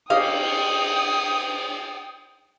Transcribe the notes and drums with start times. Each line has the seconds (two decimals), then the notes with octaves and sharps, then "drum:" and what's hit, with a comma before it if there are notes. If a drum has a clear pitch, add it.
0.10 G4 D#5 F5 G5 D#6, drum: cymbal